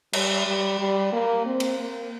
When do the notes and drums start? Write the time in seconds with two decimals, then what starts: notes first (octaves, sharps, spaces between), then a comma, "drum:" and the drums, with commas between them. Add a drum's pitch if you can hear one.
0.13 G3, drum: cymbal
0.46 G3
0.79 G3
1.13 A#3
1.46 C4
1.60 drum: cymbal
1.79 A#3